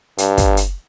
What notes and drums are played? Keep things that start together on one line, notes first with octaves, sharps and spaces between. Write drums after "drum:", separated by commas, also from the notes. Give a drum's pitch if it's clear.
G2, drum: hi-hat
drum: kick, hi-hat
drum: hi-hat